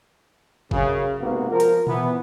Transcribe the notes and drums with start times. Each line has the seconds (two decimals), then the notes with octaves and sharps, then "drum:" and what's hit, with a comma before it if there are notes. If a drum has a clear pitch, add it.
0.71 F#2 C#3, drum: kick G1
1.20 G#2 C3 A#3 B3 F#4
1.50 F3 A#4
1.60 drum: hi-hat
1.87 E3 B3, drum: tom A#2